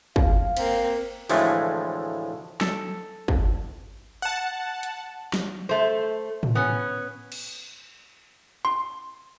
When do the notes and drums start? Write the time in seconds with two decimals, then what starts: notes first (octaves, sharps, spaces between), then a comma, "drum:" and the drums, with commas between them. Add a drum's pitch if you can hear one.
0.16 F5, drum: kick
0.57 A#3 C4, drum: cymbal
1.29 D2 A2 E3 F3 G#3 A3, drum: open hi-hat
2.61 A4, drum: snare
3.28 drum: kick
4.22 F#5 A5
4.83 drum: hi-hat
5.34 drum: snare
5.69 A3 C5
6.43 drum: tom A2
6.55 B3 C#4
7.32 drum: cymbal
8.65 C6